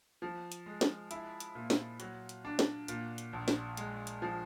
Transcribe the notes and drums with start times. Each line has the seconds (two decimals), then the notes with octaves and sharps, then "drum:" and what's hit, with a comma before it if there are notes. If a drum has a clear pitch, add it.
0.22 F3
0.52 drum: hi-hat
0.66 G#3
0.81 drum: snare
1.11 E4, drum: hi-hat
1.40 drum: hi-hat
1.55 A#2
1.70 drum: snare
2.00 F#3, drum: hi-hat
2.29 drum: hi-hat
2.45 D4
2.59 drum: snare
2.88 A#2, drum: hi-hat
3.18 drum: hi-hat
3.33 A#1
3.48 drum: snare
3.77 G#3, drum: hi-hat
4.07 drum: hi-hat
4.22 F3